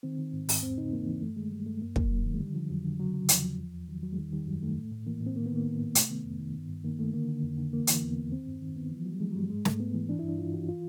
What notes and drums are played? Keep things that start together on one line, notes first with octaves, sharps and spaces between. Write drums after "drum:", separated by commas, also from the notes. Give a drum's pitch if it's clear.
D#3 C4
D#3
G#2
G#2, drum: open hi-hat
E2 C4
C#3 D#4
E3 A#3
E3
G2 A3
D#3 G#3
G2 G3
G2 A3
F#2 A#3
F#2 A#3, drum: kick
F#2 F#3
D#3
G#3
D3 G3
D3 F3
F2 F#3
D3
C#3 F#3
C#3 F#3
E2 F3, drum: hi-hat
E2
E2
E2
D#3 F#3
E2 F#3
G#3
D#3 G3
D#3 G3
F#2 F#3
D#3 A3
A2
A2
E3 A#3
A2
C4
D#3 A#3
B3
D#3 A#3
D#3
G#2
C3 A3, drum: hi-hat
D#3 B3
F2
D#3
G2
G2
D#3 A#3
D#3 A3
D3 A#3
D3
F2
D3
E3 A#3
E3, drum: hi-hat
E2 B3
E2
D#3 C4
G2
D#3
D#3 B3
E3
F3
E3 F#3
G3
E3 G#3
F#3
G2 G3
G#2 G#3
G#2 A3, drum: snare
G#2 B3
E3
E3 D4
E4
G2 D4
G2 F4
E3 F#4
E3 F4